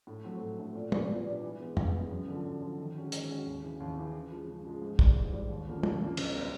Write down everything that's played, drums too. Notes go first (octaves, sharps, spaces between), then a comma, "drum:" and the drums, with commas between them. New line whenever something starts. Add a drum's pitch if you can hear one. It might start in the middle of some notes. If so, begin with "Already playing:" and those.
A2
F#3 A3 C4
A2
F#3 A3 C4
A#2
G3 B3 D4, drum: tom
A#2
G3 B3 D4
E3
G#3 B3
E3, drum: tom
G#3 B3
F#2
D3 F3
F#2
D3 F3
D#3
G#3 C#4 F#4
D#3, drum: hi-hat
G#3 C#4 F#4
D#2
C#3 E3
D#2
C#3 E3
C#3
F3 G#3
C#3
F3 G#3
G#2
E3 G3, drum: kick
G#2
E3 G3
D#2
D3 F3 A#3 C#4
D#2, drum: tom
D3 F3 A#3 C#4
C#2, drum: cymbal
B2 G3 C4